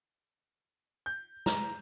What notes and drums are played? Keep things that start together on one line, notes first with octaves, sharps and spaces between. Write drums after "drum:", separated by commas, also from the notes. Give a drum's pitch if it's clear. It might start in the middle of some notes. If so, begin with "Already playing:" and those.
G6
A#5, drum: snare